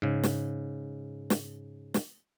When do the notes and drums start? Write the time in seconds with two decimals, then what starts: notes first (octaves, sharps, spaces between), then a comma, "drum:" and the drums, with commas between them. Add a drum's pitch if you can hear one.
0.02 G#2 C#3
0.23 drum: snare
1.30 drum: snare
1.94 drum: snare